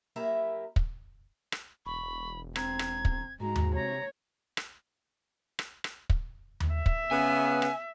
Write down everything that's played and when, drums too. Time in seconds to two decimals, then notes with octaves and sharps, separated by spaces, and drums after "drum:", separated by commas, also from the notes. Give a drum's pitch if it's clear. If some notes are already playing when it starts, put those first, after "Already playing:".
0.16 F#2 A#3 E4 G4 E5 A#5
0.76 drum: kick
1.52 drum: rim click
1.86 E1 B5 C#6
2.56 C4 A#5 G#6, drum: rim click
2.79 drum: rim click
3.05 drum: kick
3.40 G#2 G#3 F#4 A#5
3.56 drum: tom D#2
3.75 C3 C#5 A#5
4.57 drum: rim click
5.59 drum: rim click
5.84 drum: rim click
6.10 drum: kick
6.60 drum: tom D#2
6.74 E5
6.86 drum: kick
7.11 C#3 B3 G#5
7.62 drum: rim click